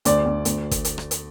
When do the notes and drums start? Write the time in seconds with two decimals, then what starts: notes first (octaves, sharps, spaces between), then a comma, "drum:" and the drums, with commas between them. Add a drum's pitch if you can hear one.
0.05 D2 D5, drum: hi-hat
0.26 D2
0.45 D2, drum: hi-hat
0.71 drum: kick, hi-hat
0.85 drum: hi-hat
0.98 drum: rim click
1.11 drum: hi-hat